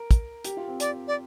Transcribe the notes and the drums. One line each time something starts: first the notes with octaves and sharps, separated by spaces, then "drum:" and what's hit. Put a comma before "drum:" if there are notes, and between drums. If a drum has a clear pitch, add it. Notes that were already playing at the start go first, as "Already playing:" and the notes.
Already playing: A#4
drum: kick, hi-hat
G4, drum: hi-hat
F4
C4
D5, drum: hi-hat
D5